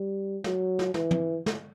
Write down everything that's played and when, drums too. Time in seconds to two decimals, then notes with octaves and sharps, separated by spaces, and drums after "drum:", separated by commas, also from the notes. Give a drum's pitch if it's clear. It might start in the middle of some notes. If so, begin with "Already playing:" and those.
Already playing: G3
0.44 F#3, drum: snare
0.79 drum: snare
0.94 E3, drum: snare
1.11 drum: tom
1.46 drum: snare